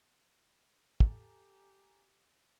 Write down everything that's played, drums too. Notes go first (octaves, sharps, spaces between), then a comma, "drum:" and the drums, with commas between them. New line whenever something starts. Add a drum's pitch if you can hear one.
G4 A4 G#5 A#5, drum: kick